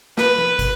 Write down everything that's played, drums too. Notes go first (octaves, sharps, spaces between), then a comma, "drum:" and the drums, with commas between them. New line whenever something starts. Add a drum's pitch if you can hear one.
B4, drum: snare
drum: tom F3
drum: kick, hi-hat